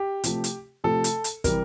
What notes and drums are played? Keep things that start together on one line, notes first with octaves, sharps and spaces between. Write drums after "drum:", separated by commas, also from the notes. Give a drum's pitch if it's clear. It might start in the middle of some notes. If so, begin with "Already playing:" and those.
Already playing: G4
C3 F3 A3, drum: hi-hat
drum: hi-hat
C3 F3 A3 A4
drum: hi-hat
drum: hi-hat
C3 E3 G3 A#4, drum: kick, hi-hat